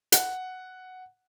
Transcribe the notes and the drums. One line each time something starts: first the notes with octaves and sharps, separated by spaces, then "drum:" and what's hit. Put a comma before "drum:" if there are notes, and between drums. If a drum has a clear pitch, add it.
F#5, drum: hi-hat